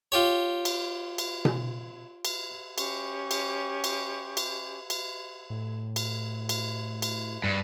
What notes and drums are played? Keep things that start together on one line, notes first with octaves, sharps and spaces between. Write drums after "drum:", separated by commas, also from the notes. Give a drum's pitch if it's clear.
F4 G4 C#5
drum: cymbal
drum: cymbal
drum: tom B2
drum: cymbal
C#4 G4 C#6, drum: cymbal
drum: cymbal
drum: cymbal
drum: cymbal
drum: cymbal
A2
drum: cymbal
drum: cymbal
drum: cymbal
G2